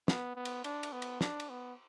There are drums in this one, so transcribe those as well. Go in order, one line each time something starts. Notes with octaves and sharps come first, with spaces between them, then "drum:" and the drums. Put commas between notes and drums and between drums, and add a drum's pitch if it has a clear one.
B3, drum: snare
B3
drum: cymbal
D4, drum: cymbal
drum: cymbal
B3
drum: cymbal
D4, drum: snare
drum: cymbal
B3